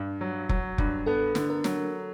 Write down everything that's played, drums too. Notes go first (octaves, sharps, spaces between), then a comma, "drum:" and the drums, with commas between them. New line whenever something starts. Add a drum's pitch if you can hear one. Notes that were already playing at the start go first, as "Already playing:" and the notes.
Already playing: G2
F#3
F#3, drum: kick F1
G2, drum: kick F1
B3 A4
D3, drum: snare
A#4
F#3, drum: snare